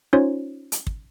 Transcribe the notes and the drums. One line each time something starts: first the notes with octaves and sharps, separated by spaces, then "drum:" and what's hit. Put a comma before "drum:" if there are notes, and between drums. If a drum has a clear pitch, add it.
C#4 D#4 F4 C5 C#5
drum: hi-hat
drum: kick